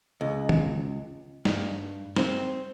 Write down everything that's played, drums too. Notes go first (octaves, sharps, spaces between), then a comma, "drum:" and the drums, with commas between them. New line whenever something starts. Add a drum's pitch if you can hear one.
C#2
drum: tom
G2, drum: snare
C4, drum: snare